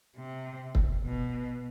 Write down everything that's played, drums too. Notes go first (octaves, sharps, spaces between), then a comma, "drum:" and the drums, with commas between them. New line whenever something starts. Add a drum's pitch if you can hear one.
C3
drum: kick
B2